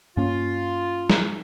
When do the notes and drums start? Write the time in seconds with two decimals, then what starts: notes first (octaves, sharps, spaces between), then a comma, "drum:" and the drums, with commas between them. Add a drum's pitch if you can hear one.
0.17 G2 A#3 C#4 F4
1.10 drum: snare